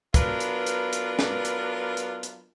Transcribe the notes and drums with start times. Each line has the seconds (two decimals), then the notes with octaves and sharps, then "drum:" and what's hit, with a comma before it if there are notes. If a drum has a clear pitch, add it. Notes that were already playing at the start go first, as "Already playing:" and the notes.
0.14 F#3 B3 D4 F4 A#4 B4, drum: kick, hi-hat
0.40 drum: hi-hat
0.66 drum: hi-hat
0.93 drum: hi-hat
1.19 drum: snare
1.45 drum: hi-hat
1.97 drum: hi-hat
2.23 drum: hi-hat